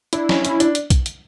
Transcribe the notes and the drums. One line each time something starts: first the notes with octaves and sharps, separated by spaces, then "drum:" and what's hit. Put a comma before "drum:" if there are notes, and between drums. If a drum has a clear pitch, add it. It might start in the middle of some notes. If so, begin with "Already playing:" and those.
D4 E4, drum: hi-hat
C#4, drum: snare
C#4, drum: hi-hat
D4, drum: hi-hat
drum: hi-hat
drum: kick B1, hi-hat
drum: hi-hat